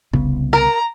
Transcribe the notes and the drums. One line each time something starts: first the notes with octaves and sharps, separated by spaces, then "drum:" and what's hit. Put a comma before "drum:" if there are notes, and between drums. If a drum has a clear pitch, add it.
C2 C#3 B3, drum: kick
A#4 A#5